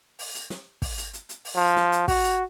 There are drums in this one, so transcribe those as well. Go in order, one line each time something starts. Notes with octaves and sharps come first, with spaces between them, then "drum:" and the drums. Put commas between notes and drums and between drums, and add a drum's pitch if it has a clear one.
drum: open hi-hat
drum: hi-hat
drum: snare
drum: kick, open hi-hat
drum: hi-hat
drum: hi-hat
drum: hi-hat
drum: open hi-hat
F3
drum: snare
drum: hi-hat
F#4, drum: kick, open hi-hat
drum: hi-hat